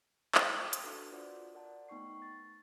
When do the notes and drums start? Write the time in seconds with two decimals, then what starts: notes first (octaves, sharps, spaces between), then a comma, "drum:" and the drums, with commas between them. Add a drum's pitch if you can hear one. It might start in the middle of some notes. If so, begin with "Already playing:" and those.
0.35 G5 A5, drum: clap
0.73 drum: hi-hat
0.83 D4 F#4 A4 B4
1.11 F4 F#4 C5 D5 F#5 D6
1.55 A#4 C5 D5 F#5 A5
1.89 A3 B3 D#4 G5 C#6 C7
2.22 A6